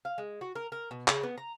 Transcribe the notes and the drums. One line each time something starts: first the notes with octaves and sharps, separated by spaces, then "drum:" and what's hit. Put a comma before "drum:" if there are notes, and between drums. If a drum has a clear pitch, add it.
F5
G#3
F#4
A#4
A#4
B2
C#3, drum: clap
B3
A#5